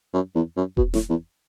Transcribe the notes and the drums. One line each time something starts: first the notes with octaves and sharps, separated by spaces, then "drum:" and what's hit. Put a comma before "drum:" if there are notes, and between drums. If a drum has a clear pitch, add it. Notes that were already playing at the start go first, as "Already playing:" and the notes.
F#2
E2
F#2
B2, drum: kick E1
A2, drum: snare
E2